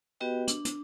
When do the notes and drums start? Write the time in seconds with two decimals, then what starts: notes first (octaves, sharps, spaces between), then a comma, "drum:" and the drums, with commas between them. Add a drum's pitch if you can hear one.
0.20 B3 F#4 G4 B4 D#5 G5
0.48 D4, drum: hi-hat
0.65 drum: hi-hat